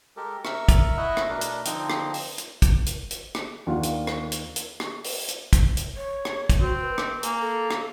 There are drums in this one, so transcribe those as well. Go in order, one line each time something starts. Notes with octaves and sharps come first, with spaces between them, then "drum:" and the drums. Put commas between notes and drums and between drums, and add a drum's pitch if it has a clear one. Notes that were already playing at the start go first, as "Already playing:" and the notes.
G#3 G4 A4 A#4
A#4 E5 C#6 E6, drum: rim click
drum: kick, hi-hat
E4 D#5 E5 F#5
drum: rim click
B2 A3 D4 A#4 B4
drum: hi-hat
D3 F3 C4 D#4, drum: hi-hat
drum: rim click
drum: open hi-hat
drum: hi-hat
drum: kick, hi-hat
drum: hi-hat
drum: hi-hat
drum: rim click
D#2 D#3 D4 F4 F5 F#5
drum: hi-hat
drum: rim click
drum: hi-hat
drum: hi-hat
drum: rim click
drum: open hi-hat
drum: hi-hat
drum: kick, hi-hat
drum: hi-hat
C#5
drum: rim click
drum: kick, hi-hat
C4 F#4
B4
drum: rim click
A#3 G#5, drum: hi-hat
A4
drum: rim click